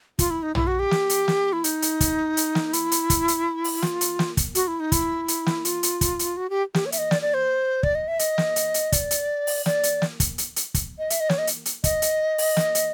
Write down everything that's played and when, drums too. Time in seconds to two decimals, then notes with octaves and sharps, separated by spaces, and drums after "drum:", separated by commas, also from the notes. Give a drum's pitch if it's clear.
0.19 F4, drum: kick, hi-hat
0.30 E4
0.43 D#4
0.55 E4, drum: tom
0.67 F#4
0.79 G4
0.91 drum: snare
1.09 drum: hi-hat
1.28 drum: snare
1.53 E4
1.64 D#4, drum: hi-hat
1.82 drum: hi-hat
2.01 drum: kick, hi-hat
2.37 drum: hi-hat
2.55 drum: snare
2.73 E4, drum: hi-hat
2.92 drum: hi-hat
3.10 drum: kick, hi-hat
3.28 drum: hi-hat
3.64 drum: open hi-hat
3.82 F4, drum: snare
4.01 drum: hi-hat
4.19 drum: snare
4.37 drum: kick, hi-hat
4.55 F#4, drum: hi-hat
4.68 E4
4.80 D#4
4.92 E4, drum: kick, hi-hat
5.28 drum: hi-hat
5.46 drum: snare
5.65 F4, drum: hi-hat
5.83 drum: hi-hat
6.01 drum: kick, hi-hat
6.19 drum: hi-hat
6.37 F#4
6.50 G4
6.74 G4, drum: snare
6.86 C#5
6.92 E5, drum: hi-hat
6.98 D#5
7.11 D5, drum: snare
7.22 D5
7.34 C5
7.83 D5, drum: kick
7.95 D#5
8.08 E5
8.19 D#5, drum: hi-hat
8.38 drum: snare
8.56 drum: hi-hat
8.74 drum: hi-hat
8.92 D5, drum: kick, hi-hat
9.11 drum: hi-hat
9.47 drum: open hi-hat
9.66 D5, drum: snare
9.83 drum: hi-hat
10.02 drum: snare
10.20 drum: kick, hi-hat
10.38 drum: hi-hat
10.56 drum: hi-hat
10.74 drum: kick, hi-hat
10.98 D#5
11.10 E5, drum: hi-hat
11.20 D#5
11.29 C#5, drum: snare
11.38 D#5
11.47 drum: hi-hat
11.65 drum: hi-hat
11.84 D#5, drum: kick, hi-hat
12.02 drum: hi-hat
12.38 drum: open hi-hat
12.57 drum: snare
12.75 drum: hi-hat